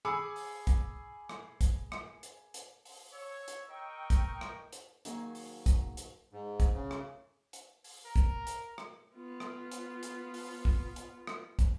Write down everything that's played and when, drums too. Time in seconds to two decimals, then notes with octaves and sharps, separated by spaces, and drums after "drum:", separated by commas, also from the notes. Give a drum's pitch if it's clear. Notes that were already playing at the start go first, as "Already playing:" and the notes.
0.05 G#4 G#5 B5 D6 E6 C#7
0.36 drum: open hi-hat
0.67 drum: kick, hi-hat
1.29 drum: rim click
1.61 drum: kick, hi-hat
1.92 drum: rim click
2.23 drum: hi-hat
2.54 drum: hi-hat
2.85 drum: open hi-hat
3.13 C#5 E6
3.48 drum: hi-hat
3.70 A#4 D#5 G5 C#6
4.10 drum: kick, hi-hat
4.41 drum: rim click
4.73 drum: hi-hat
5.05 D#3 F#3 A#3 F#4 G#4, drum: hi-hat
5.35 drum: open hi-hat
5.66 drum: kick, hi-hat
5.97 drum: hi-hat
6.33 G#2
6.60 drum: kick, hi-hat
6.74 C#3
6.91 drum: rim click
7.53 drum: hi-hat
7.84 drum: open hi-hat
8.05 A#4
8.16 drum: kick, hi-hat
8.47 drum: hi-hat
8.78 drum: rim click
9.15 B3 F4
9.40 drum: rim click
9.72 drum: hi-hat
10.03 drum: hi-hat
10.34 drum: open hi-hat
10.65 drum: kick
10.96 drum: hi-hat
11.27 drum: rim click
11.59 drum: kick, hi-hat